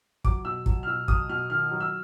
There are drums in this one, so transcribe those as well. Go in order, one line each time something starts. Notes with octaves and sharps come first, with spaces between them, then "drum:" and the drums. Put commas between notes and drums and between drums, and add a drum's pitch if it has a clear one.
F#3 D6, drum: kick
B2 E6
F#3, drum: kick
F6
B2 E6
F#3 D#6, drum: kick
B2 F6
D#3 F6
F#3
E6